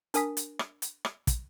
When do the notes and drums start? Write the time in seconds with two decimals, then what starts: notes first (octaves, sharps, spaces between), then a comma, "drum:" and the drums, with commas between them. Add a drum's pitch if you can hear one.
0.14 D4 A#4 G#5 D#6 B6, drum: hi-hat
0.37 drum: hi-hat
0.59 drum: rim click
0.82 drum: hi-hat
1.05 drum: rim click
1.27 drum: kick, hi-hat